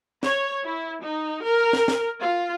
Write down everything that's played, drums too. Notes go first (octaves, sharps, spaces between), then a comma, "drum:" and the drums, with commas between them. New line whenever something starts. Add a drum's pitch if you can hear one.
C#5, drum: snare
E4
D#4
A#4
drum: snare
drum: snare
F4